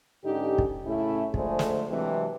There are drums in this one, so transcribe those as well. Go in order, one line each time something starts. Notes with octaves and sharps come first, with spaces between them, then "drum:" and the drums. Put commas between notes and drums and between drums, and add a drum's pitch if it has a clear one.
G#2 D3 C#4 D#4 G4
drum: kick
A2 C#3 A3 C#4 E4
D3 F3 G#3 A3 G#4 C5, drum: kick
drum: snare
C3 E3 F#3 G#3 C4 D4